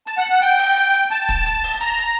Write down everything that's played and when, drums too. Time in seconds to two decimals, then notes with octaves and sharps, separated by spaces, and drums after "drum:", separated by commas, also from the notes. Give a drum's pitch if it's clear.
0.07 A5, drum: hi-hat
0.18 F#5
0.29 F#5
0.42 G5, drum: hi-hat
0.59 drum: open hi-hat
0.76 drum: hi-hat
0.94 drum: hi-hat
1.11 A5, drum: hi-hat
1.29 drum: kick, hi-hat
1.46 drum: hi-hat
1.64 drum: open hi-hat
1.81 A#5, drum: hi-hat
1.99 drum: hi-hat